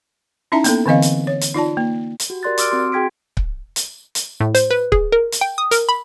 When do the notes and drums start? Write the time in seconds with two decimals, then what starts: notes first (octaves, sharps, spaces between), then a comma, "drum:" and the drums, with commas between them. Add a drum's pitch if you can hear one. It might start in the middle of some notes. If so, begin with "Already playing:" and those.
0.52 C#4 D#4 E4 E5 A5 A#5
0.64 A#3 B3 A4, drum: hi-hat
0.86 D3 E3 C4 D#5 F5
1.02 drum: hi-hat
1.27 C#5
1.41 drum: hi-hat
1.54 D#4 F4 D5 A5
1.77 A#3
2.20 drum: hi-hat
2.30 F#4 G4
2.43 G4 A#4 D5 C6 F#6 A6
2.58 C6 D6 E6 F6 D7, drum: hi-hat
2.71 C4 F#4 C6
2.92 F#4 G#4 G5 G#6 B6 D7
3.37 drum: kick C#1
3.76 drum: hi-hat
4.15 drum: hi-hat
4.40 A2
4.55 C5, drum: hi-hat
4.71 B4
4.92 G#4, drum: kick C#1
5.12 A#4
5.32 drum: hi-hat
5.41 G5
5.58 D#6
5.71 A#4, drum: hi-hat
5.89 B5